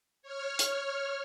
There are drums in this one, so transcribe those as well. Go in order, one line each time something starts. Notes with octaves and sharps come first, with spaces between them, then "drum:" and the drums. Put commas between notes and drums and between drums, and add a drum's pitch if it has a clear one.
C#5 F6
drum: hi-hat